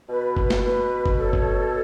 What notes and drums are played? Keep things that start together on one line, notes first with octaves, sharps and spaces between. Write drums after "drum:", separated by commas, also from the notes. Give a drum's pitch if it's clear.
B2 B4
drum: kick F#1
drum: snare
B4
drum: kick F#1
A4 C#5
drum: kick F#1